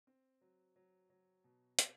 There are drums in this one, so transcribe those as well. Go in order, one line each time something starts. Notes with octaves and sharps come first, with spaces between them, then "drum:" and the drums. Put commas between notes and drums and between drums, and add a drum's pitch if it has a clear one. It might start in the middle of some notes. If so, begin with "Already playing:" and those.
C4
F#3
F#3
F#3
B2
B2, drum: hi-hat